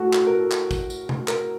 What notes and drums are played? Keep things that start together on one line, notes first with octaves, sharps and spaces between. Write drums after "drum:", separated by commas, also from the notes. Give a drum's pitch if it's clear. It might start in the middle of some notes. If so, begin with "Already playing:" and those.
Already playing: A2 A3 F#4 A4
A4, drum: clap
A#4
A4
drum: clap
drum: kick, tambourine
drum: tambourine
drum: tom C3
A#4, drum: clap